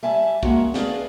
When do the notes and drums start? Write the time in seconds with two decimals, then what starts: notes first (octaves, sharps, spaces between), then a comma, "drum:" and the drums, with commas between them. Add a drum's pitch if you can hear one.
0.03 G3 E5 G#5 A5
0.43 G#3 A#3 C#4 F#4, drum: kick
0.74 G#4 B4 D5 D#5 F5 A5, drum: snare